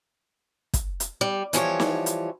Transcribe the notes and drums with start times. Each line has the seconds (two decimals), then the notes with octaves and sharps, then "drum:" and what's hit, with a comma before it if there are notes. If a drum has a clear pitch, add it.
0.74 drum: kick, hi-hat
1.00 drum: hi-hat
1.21 G3
1.53 E3 F3 G3 C#5, drum: hi-hat
1.80 drum: snare
2.06 drum: hi-hat